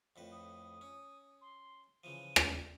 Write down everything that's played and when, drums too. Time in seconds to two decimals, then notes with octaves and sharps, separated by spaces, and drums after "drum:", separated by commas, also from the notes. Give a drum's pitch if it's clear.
0.16 F2 A2 B4
0.32 D#6
0.81 C#4
1.41 C6
2.04 C#3 E3 F3 D#7
2.36 G2 A3, drum: rim click